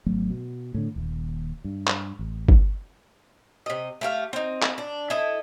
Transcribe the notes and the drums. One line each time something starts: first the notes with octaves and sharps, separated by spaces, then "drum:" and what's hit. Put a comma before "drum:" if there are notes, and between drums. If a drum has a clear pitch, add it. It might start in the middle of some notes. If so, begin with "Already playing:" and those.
G#1 F#3 A3 B3
B2
A2 D3
D#1 D#2
G2
drum: clap
A1
drum: kick G1
C3 D#5
A3 G4 F5
C4 D#4
drum: clap
D4
E4 A4 D#5